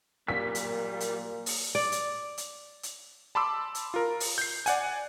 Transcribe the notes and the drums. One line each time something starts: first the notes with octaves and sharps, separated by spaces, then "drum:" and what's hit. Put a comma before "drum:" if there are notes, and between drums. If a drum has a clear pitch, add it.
A#2 F#3 G3 A#3 B6
drum: hi-hat
drum: hi-hat
drum: open hi-hat
D5
drum: hi-hat
drum: hi-hat
drum: hi-hat
A5 B5 C6 D6 E6
drum: hi-hat
F4 A#4
drum: open hi-hat
G6 C7
D5 F#5 G#5, drum: hi-hat